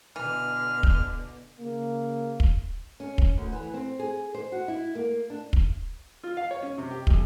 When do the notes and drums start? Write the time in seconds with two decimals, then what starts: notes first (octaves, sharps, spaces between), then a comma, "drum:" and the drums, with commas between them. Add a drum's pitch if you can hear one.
0.16 B2 D3 E3 F6
0.83 drum: kick
1.58 C#3 A#3
2.40 drum: kick
3.00 C#4
3.18 drum: kick
3.38 D2
3.52 E3
3.74 C4
3.99 G#4
4.35 C5
4.52 F#4
4.68 E4
4.95 A#3
5.30 D4
5.53 drum: kick
6.24 F4
6.37 F5
6.51 C#5
6.63 C#4
6.78 C3
6.91 G4
7.07 B1, drum: kick